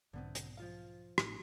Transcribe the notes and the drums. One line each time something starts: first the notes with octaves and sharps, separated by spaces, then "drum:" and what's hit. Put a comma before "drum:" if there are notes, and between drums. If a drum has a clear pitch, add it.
B1 G#2 D3 F#3 B3 C4
drum: hi-hat
F3 F4 F5
A1 A2 E3 D#4, drum: rim click